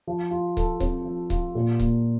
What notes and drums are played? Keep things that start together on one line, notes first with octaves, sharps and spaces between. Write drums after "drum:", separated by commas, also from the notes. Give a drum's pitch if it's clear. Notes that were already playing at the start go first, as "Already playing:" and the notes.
F3
F4
A4, drum: kick C#1
C4, drum: kick C#1
F3
F4, drum: kick C#1
A#2
A#3, drum: kick C#1